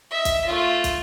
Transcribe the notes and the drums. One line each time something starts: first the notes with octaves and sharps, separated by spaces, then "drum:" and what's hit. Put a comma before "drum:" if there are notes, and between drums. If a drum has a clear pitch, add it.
D#5 E5
drum: kick, hi-hat
A3 F4
drum: kick, hi-hat